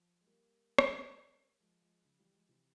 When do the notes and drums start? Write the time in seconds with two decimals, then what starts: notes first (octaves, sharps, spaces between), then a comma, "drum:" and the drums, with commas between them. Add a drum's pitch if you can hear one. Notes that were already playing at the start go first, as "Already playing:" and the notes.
Already playing: F3
0.21 G#3
0.27 G3 A#3
0.78 drum: rim click
1.60 F3 G#3
1.82 F3 G#3
2.04 C#3 F3
2.19 E3 G3
2.34 F3 G#3
2.49 C3 E3